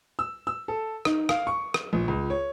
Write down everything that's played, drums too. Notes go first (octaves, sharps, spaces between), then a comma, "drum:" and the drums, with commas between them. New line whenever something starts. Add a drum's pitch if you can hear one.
E6
E6
A4
D#4, drum: rim click
F5, drum: rim click
C#6
drum: rim click
A#1
C#2
C#5